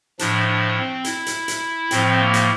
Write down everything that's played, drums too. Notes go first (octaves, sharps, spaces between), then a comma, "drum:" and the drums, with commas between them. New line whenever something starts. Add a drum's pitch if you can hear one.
A2 F3 D4, drum: hi-hat
D4
C4
E4, drum: hi-hat
drum: hi-hat
drum: hi-hat
A2 F3 C4, drum: hi-hat
A#3
drum: hi-hat